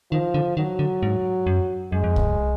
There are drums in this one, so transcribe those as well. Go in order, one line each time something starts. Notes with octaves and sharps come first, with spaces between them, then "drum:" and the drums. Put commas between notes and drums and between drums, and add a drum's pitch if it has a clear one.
D#3 F3
D3
D#3 F#3
D3
G#2
F#2
F#2 G#3
F2
F#2, drum: kick C2